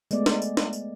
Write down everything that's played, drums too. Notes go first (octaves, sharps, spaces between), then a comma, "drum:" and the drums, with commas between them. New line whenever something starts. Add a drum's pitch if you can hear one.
G#3 A3 B3 D5, drum: tambourine
drum: snare
drum: tambourine
drum: snare
drum: tambourine